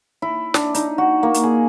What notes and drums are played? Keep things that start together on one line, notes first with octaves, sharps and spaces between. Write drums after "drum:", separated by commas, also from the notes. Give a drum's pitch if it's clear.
E4
D4, drum: snare
D#4, drum: hi-hat
F#4
A#3
drum: hi-hat
G#4